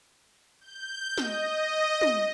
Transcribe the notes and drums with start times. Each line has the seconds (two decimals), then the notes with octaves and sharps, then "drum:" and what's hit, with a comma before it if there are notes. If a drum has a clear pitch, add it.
0.61 G6
1.18 D#5, drum: snare
2.01 drum: tom